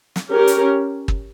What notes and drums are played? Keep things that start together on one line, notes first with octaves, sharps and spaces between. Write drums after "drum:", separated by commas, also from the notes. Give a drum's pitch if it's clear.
drum: snare
C#4 G4 A#4
drum: hi-hat
drum: kick